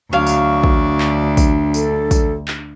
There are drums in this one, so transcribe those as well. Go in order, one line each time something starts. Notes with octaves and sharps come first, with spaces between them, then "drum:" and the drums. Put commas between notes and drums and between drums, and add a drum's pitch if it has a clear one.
D2 F#3 D4 F5 C#6
drum: tambourine
drum: kick
drum: clap
drum: kick, tambourine
A4, drum: tambourine
drum: kick, tambourine
drum: clap